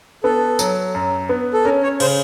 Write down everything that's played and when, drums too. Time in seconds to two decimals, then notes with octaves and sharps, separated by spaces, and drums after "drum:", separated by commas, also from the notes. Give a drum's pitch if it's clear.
0.24 B3 A4
0.59 F#3, drum: tambourine
0.95 F#2
1.29 B3
1.53 A4
1.64 C#4 A#4
1.83 C#5
2.00 C#3 C5, drum: cymbal